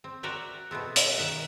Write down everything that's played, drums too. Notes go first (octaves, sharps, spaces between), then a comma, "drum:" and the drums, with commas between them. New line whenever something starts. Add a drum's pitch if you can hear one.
C4
F#4 A#4 D5 E5 G5
B2 A3 B3 C4
drum: hi-hat
D#3 E5 F#5